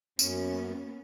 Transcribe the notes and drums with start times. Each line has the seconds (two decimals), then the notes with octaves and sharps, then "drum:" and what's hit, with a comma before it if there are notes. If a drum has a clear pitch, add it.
0.19 F#2 A#3 B3 C#4, drum: tambourine